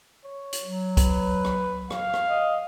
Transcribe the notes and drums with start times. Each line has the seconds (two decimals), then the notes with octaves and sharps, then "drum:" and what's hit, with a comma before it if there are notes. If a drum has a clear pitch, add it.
0.25 C#5
0.53 drum: hi-hat
0.62 F#3
0.97 B4, drum: kick C2, hi-hat
1.45 drum: rim click
1.91 F5, drum: rim click
2.13 drum: rim click
2.27 D#5